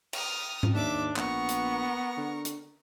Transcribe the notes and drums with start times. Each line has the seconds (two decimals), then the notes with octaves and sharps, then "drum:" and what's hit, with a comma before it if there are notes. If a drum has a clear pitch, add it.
0.13 D#6 F6, drum: cymbal
0.63 drum: tom G#2
0.74 D#2 D4 E5 D6
1.16 A#1 B3 A#4 C#6, drum: clap
1.49 drum: hi-hat
2.17 D3
2.45 drum: hi-hat